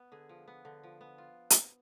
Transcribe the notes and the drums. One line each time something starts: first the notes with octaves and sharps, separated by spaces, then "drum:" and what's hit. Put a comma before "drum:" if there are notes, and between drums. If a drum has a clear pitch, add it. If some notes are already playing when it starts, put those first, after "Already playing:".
Already playing: B3
D3 G#4
F3
B3
D3
F3
B3
F4
drum: hi-hat